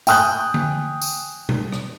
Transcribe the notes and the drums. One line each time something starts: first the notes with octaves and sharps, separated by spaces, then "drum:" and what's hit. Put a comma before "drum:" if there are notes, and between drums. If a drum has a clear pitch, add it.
G5 G#5 D#6 F#6 G6, drum: tambourine
drum: tom D3
drum: tambourine
drum: tom B2
drum: rim click